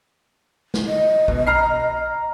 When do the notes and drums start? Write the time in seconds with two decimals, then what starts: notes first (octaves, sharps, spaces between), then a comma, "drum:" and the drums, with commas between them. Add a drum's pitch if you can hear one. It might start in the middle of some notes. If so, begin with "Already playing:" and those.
0.74 drum: snare
0.87 D#5
1.28 B2, drum: kick B1
1.47 A#5 F6 C7